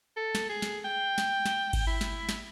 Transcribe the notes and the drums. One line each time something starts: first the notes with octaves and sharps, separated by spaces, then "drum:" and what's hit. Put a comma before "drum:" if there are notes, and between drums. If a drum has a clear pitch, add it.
A4
drum: snare
G#4
drum: snare
G5
drum: snare
drum: snare
drum: kick G#1, cymbal
E4
drum: snare
drum: snare